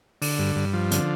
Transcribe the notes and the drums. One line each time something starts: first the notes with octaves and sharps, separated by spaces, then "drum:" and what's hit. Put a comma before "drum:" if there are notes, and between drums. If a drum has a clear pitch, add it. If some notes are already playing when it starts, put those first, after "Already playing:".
D3, drum: open hi-hat
G2
G2
F3
D3, drum: hi-hat